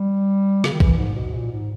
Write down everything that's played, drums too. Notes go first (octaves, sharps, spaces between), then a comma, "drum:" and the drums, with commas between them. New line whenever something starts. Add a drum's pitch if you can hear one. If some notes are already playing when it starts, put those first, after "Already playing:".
Already playing: G3
C#3, drum: rim click
D#3
E3, drum: kick A#1
G#2
B2
A#2
G#2